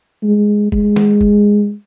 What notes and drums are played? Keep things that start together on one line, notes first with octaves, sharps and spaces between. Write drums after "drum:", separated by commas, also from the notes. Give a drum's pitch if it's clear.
G#3
G#3, drum: kick
drum: snare
drum: kick